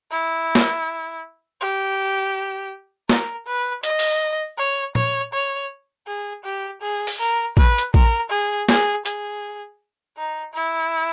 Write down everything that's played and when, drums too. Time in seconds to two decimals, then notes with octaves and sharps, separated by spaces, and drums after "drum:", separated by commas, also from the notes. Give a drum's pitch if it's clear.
0.11 E4
0.55 drum: snare
1.61 G4
3.09 A#4, drum: snare
3.46 B4
3.84 D#5, drum: hi-hat
3.99 drum: open hi-hat
4.58 C#5
4.95 C#5, drum: tom A#2
5.33 C#5
6.07 G#4
6.44 G4
6.82 G#4
7.07 drum: open hi-hat
7.19 A#4
7.57 B4, drum: kick
7.78 drum: hi-hat
7.94 A#4, drum: kick
8.30 G#4
8.69 G#4, drum: snare
9.06 G#4, drum: hi-hat
10.17 D#4
10.54 E4